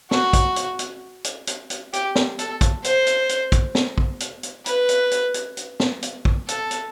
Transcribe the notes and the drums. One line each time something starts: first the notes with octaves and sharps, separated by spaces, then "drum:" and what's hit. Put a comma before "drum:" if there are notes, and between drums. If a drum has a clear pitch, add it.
F#4, drum: snare
drum: kick, hi-hat
drum: hi-hat
drum: hi-hat
drum: hi-hat
drum: hi-hat
drum: hi-hat
G4, drum: hi-hat
drum: snare
A4, drum: hi-hat
drum: kick, hi-hat
C5, drum: hi-hat
drum: hi-hat
drum: hi-hat
drum: kick, hi-hat
drum: snare
drum: kick
drum: hi-hat
drum: hi-hat
B4, drum: hi-hat
drum: hi-hat
drum: hi-hat
drum: hi-hat
drum: hi-hat
drum: snare
drum: hi-hat
drum: kick
A4, drum: hi-hat
drum: hi-hat